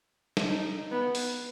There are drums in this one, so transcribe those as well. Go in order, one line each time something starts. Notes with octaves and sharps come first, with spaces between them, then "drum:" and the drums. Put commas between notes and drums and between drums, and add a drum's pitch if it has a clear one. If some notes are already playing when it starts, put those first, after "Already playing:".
drum: snare
D#4
B3
drum: open hi-hat